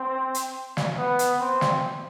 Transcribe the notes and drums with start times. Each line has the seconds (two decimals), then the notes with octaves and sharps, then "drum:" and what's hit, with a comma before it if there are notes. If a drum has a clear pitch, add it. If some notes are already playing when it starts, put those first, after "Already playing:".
Already playing: C4
0.34 drum: hi-hat
0.77 drum: snare
0.98 B3
1.19 drum: hi-hat
1.40 C4
1.61 drum: snare